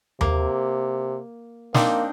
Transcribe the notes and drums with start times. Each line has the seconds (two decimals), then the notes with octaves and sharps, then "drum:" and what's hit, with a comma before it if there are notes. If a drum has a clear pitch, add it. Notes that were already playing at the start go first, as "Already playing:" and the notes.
0.21 C3 A#3, drum: tom D#2
1.74 A#3 C4 D4 D#4, drum: snare